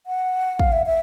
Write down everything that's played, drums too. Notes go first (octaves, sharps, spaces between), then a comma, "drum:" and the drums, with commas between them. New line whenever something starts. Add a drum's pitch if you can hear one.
F#5
F5, drum: kick
E5
E5